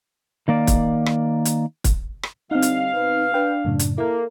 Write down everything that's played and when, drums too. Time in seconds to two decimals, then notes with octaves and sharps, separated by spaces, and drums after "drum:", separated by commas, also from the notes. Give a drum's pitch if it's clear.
0.48 D#3 A#3 D5
0.67 drum: kick, hi-hat
1.06 drum: rim click
1.45 drum: hi-hat
1.84 drum: kick, hi-hat
2.23 drum: rim click
2.51 D3 G3 C4 D#4 F5
2.62 drum: hi-hat
2.94 B2 B4
3.34 D4 B4 G5
3.65 F#2 A2 C#3
3.79 drum: hi-hat
3.98 A#3 E4 A4 A#4